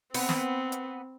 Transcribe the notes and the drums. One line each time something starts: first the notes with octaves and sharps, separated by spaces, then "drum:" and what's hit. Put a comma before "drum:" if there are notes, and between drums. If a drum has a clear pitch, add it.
B3 C4, drum: open hi-hat
drum: snare
drum: hi-hat